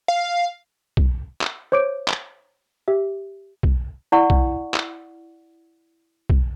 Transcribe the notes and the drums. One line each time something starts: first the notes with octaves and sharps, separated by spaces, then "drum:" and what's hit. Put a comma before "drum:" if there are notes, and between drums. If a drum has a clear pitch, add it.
F5
drum: kick
drum: clap
C5 C#5 D6 G6 D7
drum: clap
G4 E5
drum: kick
E4 D5 F#5 C#6
drum: kick
drum: clap
drum: kick